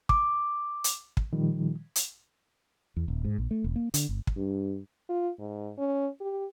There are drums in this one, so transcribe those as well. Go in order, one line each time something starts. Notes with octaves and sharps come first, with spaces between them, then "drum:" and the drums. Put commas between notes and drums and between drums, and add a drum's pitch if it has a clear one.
D6, drum: kick
drum: hi-hat
drum: kick
A#2 D#3 F3 G3
drum: hi-hat
E2
D#1
G#2
A#1
A3
E1
A#3
D3, drum: hi-hat
G1
drum: kick
G2
F4
G#2
C#4
G4